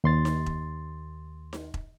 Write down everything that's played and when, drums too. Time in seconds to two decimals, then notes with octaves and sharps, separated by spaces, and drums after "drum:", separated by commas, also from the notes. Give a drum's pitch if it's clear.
0.04 D#2 C6 A6
0.25 drum: snare D#4
0.46 drum: kick E1
1.53 drum: snare D#4
1.74 drum: kick E1